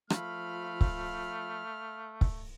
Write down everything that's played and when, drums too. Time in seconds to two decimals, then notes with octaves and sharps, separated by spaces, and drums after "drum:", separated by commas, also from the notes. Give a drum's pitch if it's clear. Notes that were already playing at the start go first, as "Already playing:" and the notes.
0.10 F3 A3 F5 B5 F6, drum: rim click
0.81 drum: kick
2.21 drum: kick